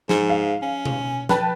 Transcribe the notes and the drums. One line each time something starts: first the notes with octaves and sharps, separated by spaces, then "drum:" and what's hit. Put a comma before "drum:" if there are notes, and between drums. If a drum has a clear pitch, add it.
G#2, drum: snare
F5
C#4
drum: tom B2
B4 G5 A5, drum: snare